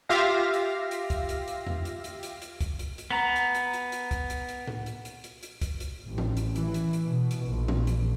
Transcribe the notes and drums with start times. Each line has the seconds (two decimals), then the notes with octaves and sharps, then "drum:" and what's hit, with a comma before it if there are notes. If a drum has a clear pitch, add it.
0.09 F4 G4 E5 F5 A#6
0.54 drum: hi-hat
0.91 drum: hi-hat
1.10 drum: kick C#2, hi-hat
1.29 drum: hi-hat
1.48 drum: hi-hat
1.66 drum: tom E2
1.85 drum: hi-hat
2.04 drum: hi-hat
2.23 drum: hi-hat
2.42 drum: hi-hat
2.61 drum: kick C#2, hi-hat
2.79 drum: hi-hat
2.98 drum: hi-hat
3.11 B3 A#5
3.36 drum: hi-hat
3.55 drum: hi-hat
3.73 drum: hi-hat
3.92 drum: hi-hat
4.11 drum: kick C#2, hi-hat
4.30 drum: hi-hat
4.49 drum: hi-hat
4.67 drum: tom A2
4.86 drum: hi-hat
5.05 drum: hi-hat
5.24 drum: hi-hat
5.43 drum: hi-hat
5.61 drum: kick C#2, hi-hat
5.80 drum: hi-hat
6.07 A1
6.18 drum: tom E3
6.37 drum: hi-hat
6.56 E3, drum: hi-hat
6.74 drum: hi-hat
6.93 drum: hi-hat
7.05 B2
7.31 drum: hi-hat
7.46 A#1
7.68 drum: tom E3
7.87 drum: hi-hat